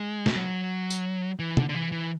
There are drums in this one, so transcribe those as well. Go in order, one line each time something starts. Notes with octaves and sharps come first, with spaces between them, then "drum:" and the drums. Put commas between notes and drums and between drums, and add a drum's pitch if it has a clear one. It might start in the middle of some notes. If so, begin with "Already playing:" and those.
Already playing: G#3
drum: snare
F#3
drum: tambourine
E3
D3, drum: tom
D3
E3
E3